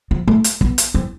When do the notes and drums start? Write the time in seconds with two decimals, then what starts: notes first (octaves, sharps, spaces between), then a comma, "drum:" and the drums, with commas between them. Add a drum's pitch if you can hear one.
0.11 F3
0.28 A3
0.44 drum: hi-hat
0.61 B3, drum: kick
0.78 drum: hi-hat
0.94 C4